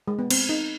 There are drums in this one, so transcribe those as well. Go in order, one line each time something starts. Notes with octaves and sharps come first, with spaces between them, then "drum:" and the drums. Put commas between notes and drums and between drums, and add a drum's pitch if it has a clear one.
G#3
B3
C4, drum: cymbal
D#4